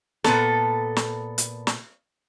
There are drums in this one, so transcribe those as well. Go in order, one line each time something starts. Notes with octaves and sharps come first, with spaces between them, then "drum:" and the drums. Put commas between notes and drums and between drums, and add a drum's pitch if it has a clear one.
A#2 B3 A4, drum: snare
drum: snare
drum: hi-hat
drum: snare